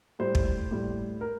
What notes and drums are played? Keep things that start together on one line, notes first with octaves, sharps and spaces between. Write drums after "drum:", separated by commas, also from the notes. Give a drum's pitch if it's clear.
A2 G3 C5
drum: kick
A2 G3
A#4